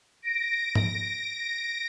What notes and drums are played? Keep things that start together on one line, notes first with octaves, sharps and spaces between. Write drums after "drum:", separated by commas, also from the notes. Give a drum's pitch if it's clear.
A#6 D7
drum: tom G#2